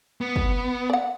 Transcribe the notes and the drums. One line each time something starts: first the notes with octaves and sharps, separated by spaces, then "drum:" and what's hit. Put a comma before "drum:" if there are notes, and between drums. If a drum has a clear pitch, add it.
B3
drum: kick
D5 F#5